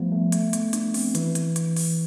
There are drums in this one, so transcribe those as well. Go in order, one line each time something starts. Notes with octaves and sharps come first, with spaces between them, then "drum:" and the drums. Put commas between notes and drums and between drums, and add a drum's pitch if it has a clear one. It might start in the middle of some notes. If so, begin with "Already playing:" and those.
Already playing: F3 G3 A3 B3
A3
A3, drum: hi-hat
B3, drum: hi-hat
D4, drum: hi-hat
C4, drum: open hi-hat
E3, drum: hi-hat
drum: hi-hat
drum: hi-hat
drum: open hi-hat